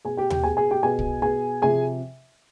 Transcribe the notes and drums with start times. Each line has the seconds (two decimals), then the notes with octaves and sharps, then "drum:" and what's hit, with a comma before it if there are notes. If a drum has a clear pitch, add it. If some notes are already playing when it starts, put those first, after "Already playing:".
0.05 B2 G#4 G#5
0.17 G4 G5
0.30 G4 G5, drum: tom D#2
0.43 B2 G#4 G#5
0.57 G#4 G#5
0.71 G4 G5
0.83 B2 G#4 G#5
0.99 drum: kick
1.22 B2 G#4 G#5
1.62 C3 F3 G#4 G#5